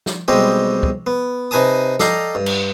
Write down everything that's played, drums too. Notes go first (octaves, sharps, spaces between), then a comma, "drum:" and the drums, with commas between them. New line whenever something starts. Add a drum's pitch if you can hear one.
drum: snare
B1 G3 G#3 C4 G4 D#5
drum: kick
B3
C3 D#4 B4 G#5 A5 D#6
A4 D5 D#5 F5 G5 A#5, drum: snare
G2
drum: cymbal